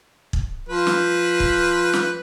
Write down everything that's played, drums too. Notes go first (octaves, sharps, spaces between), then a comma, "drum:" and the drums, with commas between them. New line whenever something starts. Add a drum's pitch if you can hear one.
drum: kick
F3 B4
drum: snare
drum: kick
drum: snare